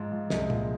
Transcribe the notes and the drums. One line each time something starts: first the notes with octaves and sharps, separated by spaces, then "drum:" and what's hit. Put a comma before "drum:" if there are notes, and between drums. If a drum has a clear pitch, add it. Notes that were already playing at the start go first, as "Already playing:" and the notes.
Already playing: G#2 F3
F3
C2 G#3, drum: snare
A#2 F3, drum: tom